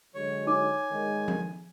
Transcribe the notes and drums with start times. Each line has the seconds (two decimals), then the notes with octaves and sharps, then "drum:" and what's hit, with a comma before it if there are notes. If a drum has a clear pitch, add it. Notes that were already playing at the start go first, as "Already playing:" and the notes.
0.15 D3 F#3 G#3 C#5
0.47 D#4 C#5 G#5 D6
0.91 D#3 G#3
1.28 drum: tom F3